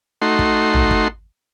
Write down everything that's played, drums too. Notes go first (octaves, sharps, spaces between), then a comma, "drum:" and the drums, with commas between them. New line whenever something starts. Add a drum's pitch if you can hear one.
A3 D#4 F#4 C6
drum: kick
drum: tom A1
drum: kick